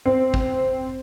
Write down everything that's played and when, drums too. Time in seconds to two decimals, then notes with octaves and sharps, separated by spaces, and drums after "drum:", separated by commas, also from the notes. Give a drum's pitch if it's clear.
0.06 C4
0.34 drum: kick